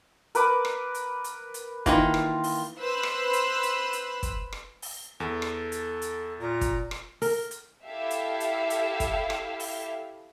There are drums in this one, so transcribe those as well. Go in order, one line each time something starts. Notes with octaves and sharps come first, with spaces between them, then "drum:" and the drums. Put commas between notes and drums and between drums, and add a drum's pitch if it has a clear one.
A#4 B4 D6, drum: hi-hat
drum: rim click
drum: hi-hat
drum: hi-hat
drum: hi-hat
D#3 E3 A#3 F4, drum: kick, hi-hat
drum: rim click
drum: open hi-hat
B4 C5 B5 E6 F#6
drum: rim click
drum: hi-hat
drum: hi-hat
drum: hi-hat
drum: kick, hi-hat
drum: rim click
drum: open hi-hat
E2 A4
drum: rim click
drum: hi-hat
drum: hi-hat
A#2 A#5
drum: kick, hi-hat
drum: rim click
A#4, drum: open hi-hat
drum: hi-hat
E4 G4 A4 E5 F5
drum: hi-hat
drum: hi-hat
drum: hi-hat
drum: kick, hi-hat
drum: rim click
drum: open hi-hat